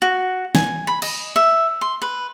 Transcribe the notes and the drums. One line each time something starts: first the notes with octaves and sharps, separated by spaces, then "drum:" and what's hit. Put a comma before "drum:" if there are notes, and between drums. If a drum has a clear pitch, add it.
F#4
G#5, drum: snare
B5
D#5, drum: cymbal
E5
C6
B4